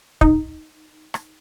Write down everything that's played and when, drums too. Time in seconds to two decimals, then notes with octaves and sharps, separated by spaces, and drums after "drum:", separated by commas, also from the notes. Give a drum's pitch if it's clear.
0.21 D#4, drum: kick
1.14 drum: rim click